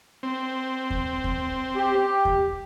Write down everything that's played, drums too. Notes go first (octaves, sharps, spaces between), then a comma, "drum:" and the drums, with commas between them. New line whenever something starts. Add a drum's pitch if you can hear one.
C4
drum: kick D#2
drum: kick D#2
G4
drum: kick D#2